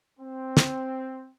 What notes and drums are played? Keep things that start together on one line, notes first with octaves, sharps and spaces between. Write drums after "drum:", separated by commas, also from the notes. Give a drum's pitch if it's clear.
C4
drum: snare